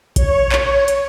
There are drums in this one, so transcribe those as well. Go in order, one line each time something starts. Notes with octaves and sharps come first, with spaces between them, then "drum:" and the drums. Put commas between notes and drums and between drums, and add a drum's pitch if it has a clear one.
C#5, drum: kick A#1, hi-hat
drum: clap
drum: hi-hat